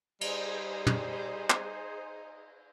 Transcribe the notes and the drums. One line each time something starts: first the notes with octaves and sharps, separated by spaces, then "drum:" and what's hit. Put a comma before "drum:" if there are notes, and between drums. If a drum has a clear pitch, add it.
G3 D#4 G#4 C5, drum: cymbal
drum: tom
drum: clap